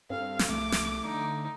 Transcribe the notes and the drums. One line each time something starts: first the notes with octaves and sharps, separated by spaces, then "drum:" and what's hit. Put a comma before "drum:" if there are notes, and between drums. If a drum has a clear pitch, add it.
G2 C4 A4 F5
drum: snare
C2 A3 D6
drum: snare
D3 D#4